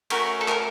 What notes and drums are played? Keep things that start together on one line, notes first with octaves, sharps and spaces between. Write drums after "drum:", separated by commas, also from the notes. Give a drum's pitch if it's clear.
A3 C#4 F#4 A#4, drum: cymbal
A4
A#4, drum: clap